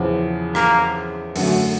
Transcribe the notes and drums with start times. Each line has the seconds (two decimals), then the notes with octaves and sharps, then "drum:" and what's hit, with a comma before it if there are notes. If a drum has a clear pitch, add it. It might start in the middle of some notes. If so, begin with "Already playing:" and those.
Already playing: E2 C#3 F3
0.55 A#3, drum: rim click
1.36 F#2 D3 F#3 A3, drum: open hi-hat